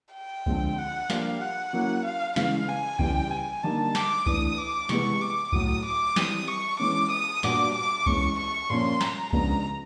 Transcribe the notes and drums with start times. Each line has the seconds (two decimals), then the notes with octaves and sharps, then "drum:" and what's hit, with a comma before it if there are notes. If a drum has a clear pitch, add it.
0.14 G5
0.46 D3 F3 G#3 C4, drum: kick C2
0.78 F#5
1.10 F3 A#3 D4 G4 F5, drum: snare
1.41 F#5
1.73 F#3 A#3 C#4 E4
2.05 F5
2.36 C#3 E3 G#3 F5, drum: snare
2.68 G#5
2.99 C#3 E3 G3 G5, drum: kick C2
3.31 G#5
3.63 D3 G3 A#3 D#4 A5
3.95 D6, drum: snare
4.26 E3 A3 D4 D#6, drum: kick C2
4.57 D6
4.89 C3 E3 G#3 B3 C#6, drum: snare
5.21 D6
5.52 A2 F#3 A3 D#6, drum: kick C2
5.85 D6
6.16 E3 G3 C4 D#6, drum: snare
6.48 C#6
6.79 E3 G#3 C#4 D6
7.11 D#6
7.43 A#2 G3 B3 D4 F#4 D6, drum: snare
7.75 D6
8.06 E3 G#3 C#4 C#6, drum: kick C2
8.38 C#6
8.70 A#2 F3 A#3 C#4 C6
9.01 A#5, drum: snare
9.33 C#3 F3 G#3 B3 D4 A#5, drum: kick C2